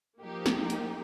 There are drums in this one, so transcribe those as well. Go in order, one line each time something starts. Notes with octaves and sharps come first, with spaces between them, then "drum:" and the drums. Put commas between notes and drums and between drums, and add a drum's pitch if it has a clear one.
F3 A#3 D#4 G4
drum: snare
drum: hi-hat